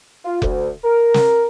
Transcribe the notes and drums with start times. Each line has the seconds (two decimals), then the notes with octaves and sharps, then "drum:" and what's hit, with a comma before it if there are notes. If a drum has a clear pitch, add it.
0.24 F4
0.42 D2, drum: kick F1
0.84 A#4
1.14 drum: snare